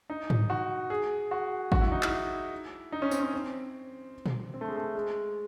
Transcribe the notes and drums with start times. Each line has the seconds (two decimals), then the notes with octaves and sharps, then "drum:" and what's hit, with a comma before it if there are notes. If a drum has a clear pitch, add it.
0.10 D#4
0.30 drum: tom G#2
0.50 F#4
0.90 G#4
1.31 F#4
1.72 F#4, drum: kick G#1
1.81 E4
1.92 D#4
2.03 E4, drum: clap
2.92 D#4
3.02 C#4
3.11 C4, drum: tambourine
3.20 C#4
3.34 C4
4.26 drum: tom A#2
4.54 C4
4.61 A3
4.68 G#3
4.76 A3
4.95 G#3